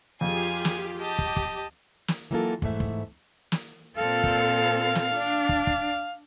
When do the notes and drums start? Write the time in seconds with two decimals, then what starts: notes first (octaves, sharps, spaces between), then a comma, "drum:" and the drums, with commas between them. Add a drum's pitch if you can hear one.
0.21 F2 F4 G4 G#4 G#5
0.65 drum: snare
1.01 G4 D#5 A5
1.19 drum: kick
1.37 drum: kick
2.08 drum: snare
2.31 E3 F#3 A#3 B3 F4 A4
2.62 G#2 E3 A3 E5, drum: kick
2.80 drum: kick
3.52 drum: snare
3.98 A#2 C4 A4 F5
4.24 drum: kick
4.95 drum: snare
5.14 D4
5.49 drum: kick
5.67 drum: kick